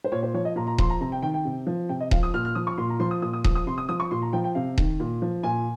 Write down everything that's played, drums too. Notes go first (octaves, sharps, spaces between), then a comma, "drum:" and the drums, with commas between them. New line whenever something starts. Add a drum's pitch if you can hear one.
C5
A#2 C#5
C5
F3 C#5
D#5
A#2 A#5
A#5
F3 C6, drum: kick D#1
A#5
C3 A#5
G5
D#3 G5
G5
C3
F3
C3 G5
D#5
F3 F5, drum: kick D#1
D#6
A#2 F6
F6
F3 D#6
C#6
A#2 C6
A#5
F3 C6
D#6
A#2 D#6
D#6
F3 D#6, drum: kick D#1
D#6
C3 C6
D#6
F3 D#6
C#6
A#2 C6
A#5
F3 G5
G5
C3 F5
D#3, drum: kick D#1
A#2
F3
A#2 G#5